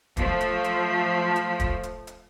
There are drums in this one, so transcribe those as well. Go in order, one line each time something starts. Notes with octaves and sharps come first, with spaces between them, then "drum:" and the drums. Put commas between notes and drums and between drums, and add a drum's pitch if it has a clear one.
F3 A3, drum: kick, hi-hat
drum: hi-hat
drum: hi-hat
drum: hi-hat
drum: kick, hi-hat
drum: hi-hat
drum: hi-hat